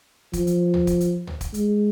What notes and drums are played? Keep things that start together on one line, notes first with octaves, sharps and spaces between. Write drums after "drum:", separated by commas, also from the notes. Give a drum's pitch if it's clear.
F3, drum: kick, hi-hat
drum: hi-hat
drum: tom
drum: kick, hi-hat
drum: hi-hat
drum: tom
drum: kick, hi-hat
G#3, drum: hi-hat